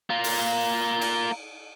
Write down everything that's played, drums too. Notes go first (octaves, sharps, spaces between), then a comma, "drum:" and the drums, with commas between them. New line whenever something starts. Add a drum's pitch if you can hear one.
A#3 F4
drum: open hi-hat
drum: cymbal